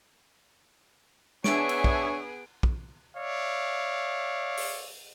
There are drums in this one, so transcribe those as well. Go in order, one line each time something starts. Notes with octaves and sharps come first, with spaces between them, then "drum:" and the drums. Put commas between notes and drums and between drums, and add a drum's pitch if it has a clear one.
B3 D4 G#4 C#5 E5 G#5 D7, drum: snare
drum: cymbal
drum: kick
drum: kick
C#5 D5 E5 F5
drum: open hi-hat